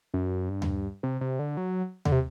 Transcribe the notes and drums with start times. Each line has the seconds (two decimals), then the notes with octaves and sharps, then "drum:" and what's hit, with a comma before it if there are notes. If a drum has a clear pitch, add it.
0.14 F#2
0.50 G2
0.62 drum: tom D#2
1.03 C3
1.21 C3
1.39 D3
1.57 F#3
2.05 D3, drum: tom D#2
2.12 C3